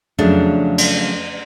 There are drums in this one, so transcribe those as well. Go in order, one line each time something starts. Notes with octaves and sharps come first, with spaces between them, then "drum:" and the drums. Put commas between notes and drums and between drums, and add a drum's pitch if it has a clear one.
F2 C#3 F#3 A3 D4
drum: cymbal